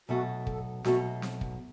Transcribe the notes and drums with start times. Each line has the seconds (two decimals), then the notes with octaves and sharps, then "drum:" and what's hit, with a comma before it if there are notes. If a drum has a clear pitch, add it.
0.08 B1 B2 A3 F#4
0.47 A4, drum: kick
0.84 B1 B2 A3 F#4, drum: snare C4
1.22 drum: snare C4
1.41 drum: kick